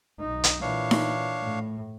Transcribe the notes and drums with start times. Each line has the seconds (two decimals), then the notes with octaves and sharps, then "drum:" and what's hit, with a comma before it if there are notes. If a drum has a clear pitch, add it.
0.20 B1 D#4
0.44 drum: hi-hat
0.61 A#2 E3 D4 C#5 F5
0.91 drum: snare D#4
1.42 A2